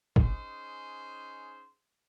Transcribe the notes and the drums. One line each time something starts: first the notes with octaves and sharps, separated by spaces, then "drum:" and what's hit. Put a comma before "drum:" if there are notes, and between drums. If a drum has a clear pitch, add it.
C#4 D#4 G#4 C5, drum: kick